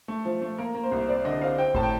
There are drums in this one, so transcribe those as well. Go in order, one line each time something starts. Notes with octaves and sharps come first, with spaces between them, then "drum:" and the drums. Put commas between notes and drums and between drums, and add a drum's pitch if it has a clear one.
A3
F3
A3
A#3 A#4
A#3
C5
C2
C4 D5
D3 D#5
C4 F5
C4 G5
A2 A5, drum: kick G1
G5